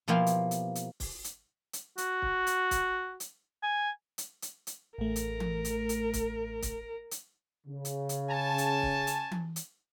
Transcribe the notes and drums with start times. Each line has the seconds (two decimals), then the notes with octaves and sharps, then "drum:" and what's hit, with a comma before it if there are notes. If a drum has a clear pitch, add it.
0.08 B2 F3 A#3 E4 G4 F5
0.27 drum: hi-hat
0.51 drum: hi-hat
0.75 drum: hi-hat
1.00 drum: kick, open hi-hat
1.24 drum: hi-hat
1.73 drum: hi-hat
1.98 F#4, drum: hi-hat
2.22 drum: kick
2.47 drum: hi-hat
2.71 drum: kick, hi-hat
3.20 drum: hi-hat
3.63 G#5
4.18 drum: hi-hat
4.42 drum: hi-hat
4.67 drum: hi-hat
4.98 A1 A3 A#4
5.16 drum: hi-hat
5.40 drum: tom E3
5.65 drum: hi-hat
5.89 drum: hi-hat
6.13 drum: kick, hi-hat
6.62 drum: kick, hi-hat
7.11 drum: hi-hat
7.67 C#3
7.85 drum: hi-hat
8.09 drum: hi-hat
8.30 C#4 G#5 A5
8.58 drum: hi-hat
8.83 drum: kick
9.07 drum: hi-hat
9.31 drum: tom E3
9.56 drum: hi-hat